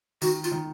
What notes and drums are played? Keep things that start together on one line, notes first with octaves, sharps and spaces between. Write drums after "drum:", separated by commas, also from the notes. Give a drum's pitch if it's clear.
D#3 F#4, drum: tambourine
F4, drum: tambourine
D#3